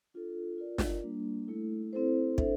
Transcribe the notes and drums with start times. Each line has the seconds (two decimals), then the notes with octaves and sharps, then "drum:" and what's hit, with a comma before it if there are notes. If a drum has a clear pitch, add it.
0.14 D4 F4 A4
0.58 F4 A#4 D5
0.78 drum: snare
1.03 G3 A#3 D4
1.47 A3 E4 A4
1.93 C4 E4 A4 C5
2.38 D4 A4 C5 E5, drum: kick